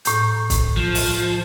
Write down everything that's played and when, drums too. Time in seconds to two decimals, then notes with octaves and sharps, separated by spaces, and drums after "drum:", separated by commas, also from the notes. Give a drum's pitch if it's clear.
0.05 A2 A#5 G6, drum: hi-hat
0.50 drum: kick, hi-hat
0.77 F3
0.95 drum: open hi-hat